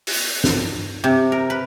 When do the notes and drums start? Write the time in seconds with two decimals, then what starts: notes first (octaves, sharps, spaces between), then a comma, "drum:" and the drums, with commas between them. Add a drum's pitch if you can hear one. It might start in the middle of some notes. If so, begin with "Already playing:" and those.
0.07 drum: open hi-hat
0.44 drum: snare
1.04 C3
1.32 A#4
1.50 B4